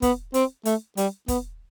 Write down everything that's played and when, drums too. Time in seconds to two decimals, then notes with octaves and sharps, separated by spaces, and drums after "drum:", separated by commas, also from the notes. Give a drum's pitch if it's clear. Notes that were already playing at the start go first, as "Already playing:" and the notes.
0.02 B3, drum: kick, hi-hat
0.34 C4, drum: hi-hat
0.65 A3, drum: hi-hat
0.97 G3, drum: hi-hat
1.28 B3, drum: kick, hi-hat